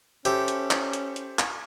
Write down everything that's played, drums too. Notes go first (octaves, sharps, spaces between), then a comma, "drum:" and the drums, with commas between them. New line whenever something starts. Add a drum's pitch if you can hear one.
C#4 G4 A4 C5 E5, drum: hi-hat
drum: hi-hat
drum: clap
drum: hi-hat
drum: hi-hat
drum: clap